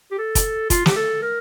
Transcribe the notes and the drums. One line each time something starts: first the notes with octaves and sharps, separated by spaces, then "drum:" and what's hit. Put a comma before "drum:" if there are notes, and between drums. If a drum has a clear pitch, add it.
G4
A4
drum: kick, hi-hat
F4, drum: kick, hi-hat
G4, drum: snare
A4
A#4